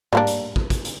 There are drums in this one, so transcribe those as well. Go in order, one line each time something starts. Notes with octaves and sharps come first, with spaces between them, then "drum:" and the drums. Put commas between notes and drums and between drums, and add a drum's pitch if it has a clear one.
G3 A#3 D4, drum: tom G#2
drum: hi-hat
drum: kick
drum: kick, hi-hat
drum: hi-hat